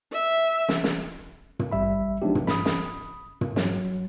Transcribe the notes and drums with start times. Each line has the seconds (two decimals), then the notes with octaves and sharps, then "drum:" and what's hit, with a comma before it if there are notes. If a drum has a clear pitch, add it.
0.12 E5
0.69 drum: snare
0.84 drum: snare
1.59 drum: tom
1.71 A1 G3 E5 B5
2.22 F3 G#3 B3 D4 D#4 G4
2.35 drum: tom
2.47 B5 D#6, drum: snare
2.65 drum: snare
3.41 drum: tom
3.56 F#3, drum: snare